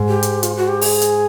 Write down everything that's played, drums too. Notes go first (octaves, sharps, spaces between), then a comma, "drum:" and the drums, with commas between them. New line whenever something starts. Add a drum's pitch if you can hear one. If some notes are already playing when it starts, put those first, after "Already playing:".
Already playing: G#2
G4
drum: hi-hat
F4, drum: hi-hat
F#4
G4
G#4, drum: open hi-hat
drum: hi-hat